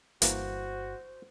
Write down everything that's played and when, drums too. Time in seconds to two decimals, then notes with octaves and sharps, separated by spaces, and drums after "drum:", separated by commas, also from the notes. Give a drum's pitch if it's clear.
0.22 G1 E3 A#3 F#4 C5, drum: hi-hat